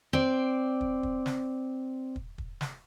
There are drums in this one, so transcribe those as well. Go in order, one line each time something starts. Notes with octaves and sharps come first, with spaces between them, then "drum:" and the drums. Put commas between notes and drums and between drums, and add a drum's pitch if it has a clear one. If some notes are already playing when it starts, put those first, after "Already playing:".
C4 D5
drum: kick
drum: kick
drum: snare
drum: kick
drum: kick
drum: snare